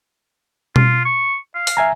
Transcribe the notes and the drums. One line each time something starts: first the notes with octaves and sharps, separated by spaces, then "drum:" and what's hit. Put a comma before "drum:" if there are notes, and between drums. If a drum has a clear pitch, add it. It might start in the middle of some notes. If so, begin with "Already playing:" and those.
F4, drum: tom B2
C#6
F5
drum: open hi-hat
E5 G#5 A#5